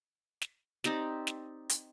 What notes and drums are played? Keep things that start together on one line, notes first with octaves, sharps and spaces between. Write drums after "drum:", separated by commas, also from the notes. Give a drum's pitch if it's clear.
drum: snare
C4 D#4 G4 D5, drum: snare
drum: snare
drum: hi-hat